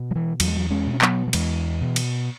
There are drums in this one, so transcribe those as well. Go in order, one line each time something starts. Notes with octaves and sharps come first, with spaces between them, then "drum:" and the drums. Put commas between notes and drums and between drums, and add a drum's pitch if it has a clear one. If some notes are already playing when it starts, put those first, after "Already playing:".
Already playing: B2
F#3
E3
E2 F#3, drum: cymbal
G#3
F#3
G#3 C#4
B2
C#4
F#3 B3, drum: clap
F#3
E2 E3 G#3, drum: cymbal
B2
drum: cymbal